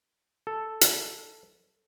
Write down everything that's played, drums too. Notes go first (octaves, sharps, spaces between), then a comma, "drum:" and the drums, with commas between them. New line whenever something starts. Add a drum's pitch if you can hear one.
A4
drum: hi-hat